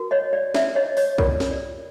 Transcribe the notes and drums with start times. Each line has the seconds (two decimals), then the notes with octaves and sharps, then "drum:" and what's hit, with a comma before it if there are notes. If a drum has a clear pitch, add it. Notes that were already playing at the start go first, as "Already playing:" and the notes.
Already playing: F#4 A#4
0.11 C#5 D#5
0.33 D5
0.54 D5 E5, drum: snare
0.76 C#5 D#5
0.97 C#5 D#5, drum: open hi-hat
1.18 F4 A#4 C#5 D5, drum: kick
1.40 drum: snare
1.51 D5